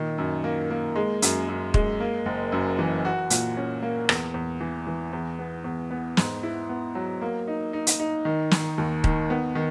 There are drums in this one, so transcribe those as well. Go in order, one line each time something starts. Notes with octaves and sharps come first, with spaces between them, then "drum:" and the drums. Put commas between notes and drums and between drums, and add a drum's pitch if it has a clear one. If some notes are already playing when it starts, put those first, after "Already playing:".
Already playing: A#2 D#3
F#2
A#3
A#3
G#3
F#2, drum: hi-hat
F#2
G#3, drum: kick
A#3
F#1
F#2
E3
F#4
A#2, drum: hi-hat
C#4
A#3
E2, drum: rim click
E2
E3
E3
E2
B3
E2
B3
G#2, drum: snare
E4
B3
F#3
A#3
D#4
D#4
drum: hi-hat
D#4
D#3
D#3, drum: snare
D#2
D#3, drum: kick
B3
D#3